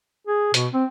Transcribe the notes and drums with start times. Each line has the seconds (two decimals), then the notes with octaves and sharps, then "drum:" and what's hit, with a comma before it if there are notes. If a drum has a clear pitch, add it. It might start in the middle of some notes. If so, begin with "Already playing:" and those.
0.27 G#4
0.54 B2, drum: hi-hat
0.74 C4